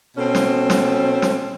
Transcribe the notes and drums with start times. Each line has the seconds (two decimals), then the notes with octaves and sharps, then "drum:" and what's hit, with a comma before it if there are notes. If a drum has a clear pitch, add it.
0.17 B2 C4 C#4 A4
0.35 drum: snare
0.70 drum: snare
1.22 drum: snare